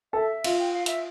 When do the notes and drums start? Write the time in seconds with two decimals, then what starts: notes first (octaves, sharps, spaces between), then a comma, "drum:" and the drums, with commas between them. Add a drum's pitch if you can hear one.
0.13 A4 E5
0.44 F4, drum: cymbal
0.59 G5
0.73 F5
0.86 E5, drum: hi-hat